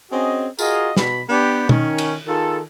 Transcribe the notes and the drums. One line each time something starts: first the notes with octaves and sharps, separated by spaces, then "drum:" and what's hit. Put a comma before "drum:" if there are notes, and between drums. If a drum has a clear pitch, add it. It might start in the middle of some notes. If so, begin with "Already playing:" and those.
C4 C#4 F#4 G#4 D#5
F4 F#4 G#4 A#4 D#5 F5, drum: tambourine
B2 B5, drum: snare
B3 D4 G4
D#3 C#4, drum: tom
drum: cymbal
D#3 F4 G#4 A4